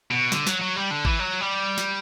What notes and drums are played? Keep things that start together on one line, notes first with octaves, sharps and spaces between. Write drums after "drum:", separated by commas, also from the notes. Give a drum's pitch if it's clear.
B2
D3, drum: snare
F#3, drum: snare
F#3
G3
D3
E3, drum: kick G#1
F#3
G3
drum: snare